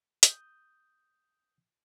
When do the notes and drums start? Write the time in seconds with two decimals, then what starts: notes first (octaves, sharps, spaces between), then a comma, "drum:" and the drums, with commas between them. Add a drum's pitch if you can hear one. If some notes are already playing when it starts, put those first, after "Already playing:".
0.23 D#6 G6, drum: hi-hat